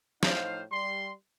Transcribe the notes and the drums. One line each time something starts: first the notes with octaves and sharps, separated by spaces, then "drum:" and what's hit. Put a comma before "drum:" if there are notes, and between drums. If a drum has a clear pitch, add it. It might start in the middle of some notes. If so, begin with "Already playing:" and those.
A2 F3 D#4 F4 C5 F5, drum: snare
G3 C6